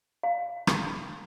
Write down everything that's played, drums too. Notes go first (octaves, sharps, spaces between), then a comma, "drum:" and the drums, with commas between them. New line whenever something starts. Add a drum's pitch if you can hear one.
F5
drum: rim click